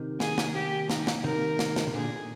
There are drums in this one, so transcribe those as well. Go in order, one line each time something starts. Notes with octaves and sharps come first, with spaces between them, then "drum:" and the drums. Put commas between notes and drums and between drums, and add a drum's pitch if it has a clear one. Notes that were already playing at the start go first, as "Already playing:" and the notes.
Already playing: C3 D#3
G#4, drum: snare
drum: snare
G4
D#4, drum: snare
drum: snare
C3 D#3 A#4
drum: snare
drum: snare
C3
A#2 D3 G#4